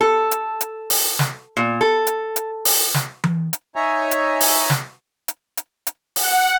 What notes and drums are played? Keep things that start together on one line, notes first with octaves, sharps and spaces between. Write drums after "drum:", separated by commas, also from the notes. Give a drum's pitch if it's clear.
A4
drum: hi-hat
drum: hi-hat
drum: open hi-hat
drum: snare
A#2
A4
drum: hi-hat
drum: hi-hat
drum: open hi-hat
drum: snare
drum: tom E3
drum: hi-hat
D#4 C#5 E5 G#5 A#5
drum: hi-hat
drum: open hi-hat
drum: snare
drum: hi-hat
drum: hi-hat
drum: hi-hat
F#5, drum: open hi-hat